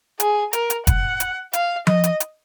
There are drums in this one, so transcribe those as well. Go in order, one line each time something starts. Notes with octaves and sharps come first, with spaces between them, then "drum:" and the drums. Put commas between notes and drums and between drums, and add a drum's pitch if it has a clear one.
G#4, drum: hi-hat
A#4, drum: hi-hat
drum: hi-hat
F#5, drum: kick, hi-hat
drum: hi-hat
F5, drum: hi-hat
D#5, drum: tom F3
drum: hi-hat
drum: hi-hat